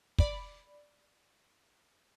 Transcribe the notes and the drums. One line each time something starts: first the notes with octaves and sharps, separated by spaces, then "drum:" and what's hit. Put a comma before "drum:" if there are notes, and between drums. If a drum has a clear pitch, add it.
D5 B5, drum: kick